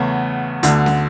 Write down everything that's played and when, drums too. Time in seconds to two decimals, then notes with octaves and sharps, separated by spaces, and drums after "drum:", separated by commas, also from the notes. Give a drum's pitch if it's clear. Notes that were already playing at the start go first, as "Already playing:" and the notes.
Already playing: E2 C#3 A3 B3
0.63 D2 D3, drum: hi-hat
0.86 drum: snare